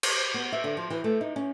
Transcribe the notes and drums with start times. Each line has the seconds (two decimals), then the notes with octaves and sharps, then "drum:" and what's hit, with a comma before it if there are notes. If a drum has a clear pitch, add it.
0.03 drum: cymbal
0.34 B3
0.52 E5
0.64 D3
0.77 F3
0.90 E3
1.04 A3
1.21 D#4
1.36 C#4